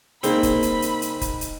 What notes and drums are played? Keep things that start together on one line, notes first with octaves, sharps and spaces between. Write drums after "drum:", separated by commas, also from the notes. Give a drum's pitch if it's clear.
C2 A#3 C4 D#4 G#4 B5, drum: hi-hat
drum: kick F1, hi-hat
drum: hi-hat
drum: hi-hat
drum: hi-hat
drum: kick F1, hi-hat
drum: hi-hat